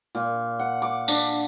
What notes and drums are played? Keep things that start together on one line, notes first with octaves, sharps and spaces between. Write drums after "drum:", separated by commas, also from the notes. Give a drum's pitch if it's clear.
A#2
F#5
D6
D4, drum: tambourine